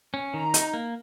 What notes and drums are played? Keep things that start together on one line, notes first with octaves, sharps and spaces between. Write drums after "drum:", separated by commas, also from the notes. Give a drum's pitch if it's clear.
C#4
D#3 A#5
D#4, drum: hi-hat
A#3